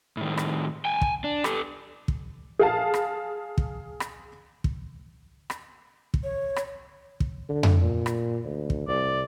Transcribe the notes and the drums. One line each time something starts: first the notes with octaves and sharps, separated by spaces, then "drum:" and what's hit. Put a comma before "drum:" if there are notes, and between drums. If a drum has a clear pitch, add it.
A2 D#3
drum: rim click
G5 G#5
drum: kick
D4
G4 A4, drum: rim click
drum: kick
G#4 F5 A5
drum: rim click
drum: kick
drum: rim click
drum: kick
drum: rim click
drum: kick
C#5
drum: rim click
drum: kick
D3
drum: tom F2
A#2
drum: rim click
D2
drum: kick
C2 D5